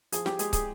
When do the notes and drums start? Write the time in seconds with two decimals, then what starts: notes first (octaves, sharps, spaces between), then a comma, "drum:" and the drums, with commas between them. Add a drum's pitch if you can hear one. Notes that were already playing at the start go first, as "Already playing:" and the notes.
0.12 F3 G#4, drum: hi-hat
0.26 G4, drum: snare
0.39 G#3 G#4, drum: hi-hat
0.53 G#4, drum: kick, hi-hat